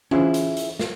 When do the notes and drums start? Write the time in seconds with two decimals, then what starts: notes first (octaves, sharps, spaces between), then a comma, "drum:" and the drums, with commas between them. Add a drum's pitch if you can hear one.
0.11 C#4 E4 F4 G#4 C5, drum: tom E3
0.34 drum: hi-hat
0.57 drum: hi-hat
0.79 drum: snare